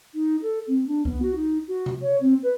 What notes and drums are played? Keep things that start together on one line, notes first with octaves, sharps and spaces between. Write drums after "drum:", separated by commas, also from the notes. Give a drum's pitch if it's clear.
D#4
A4
C4
D4
B3, drum: kick C2
F#4
D#4
F#4
drum: tom C3
C#5
C4
B4